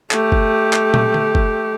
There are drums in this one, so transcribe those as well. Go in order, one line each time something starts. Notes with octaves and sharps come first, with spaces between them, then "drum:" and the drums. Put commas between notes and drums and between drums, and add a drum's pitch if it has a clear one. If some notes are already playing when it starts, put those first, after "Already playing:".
A3 G4, drum: clap
drum: kick
drum: clap
drum: tom
drum: tom D3
drum: kick